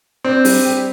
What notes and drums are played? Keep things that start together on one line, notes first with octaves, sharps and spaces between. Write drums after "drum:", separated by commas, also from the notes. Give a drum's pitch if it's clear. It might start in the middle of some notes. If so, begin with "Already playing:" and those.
C4 D4
G3, drum: open hi-hat
G4